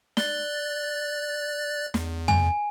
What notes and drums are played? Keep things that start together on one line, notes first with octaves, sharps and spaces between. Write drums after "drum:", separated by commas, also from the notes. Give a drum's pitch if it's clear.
D5 F#6 A6 G7, drum: snare
E2, drum: snare
G#5, drum: tom